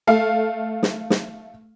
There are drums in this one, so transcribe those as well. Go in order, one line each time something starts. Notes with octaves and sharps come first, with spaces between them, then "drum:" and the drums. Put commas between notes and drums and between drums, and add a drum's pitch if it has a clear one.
A3 F5
drum: snare
drum: snare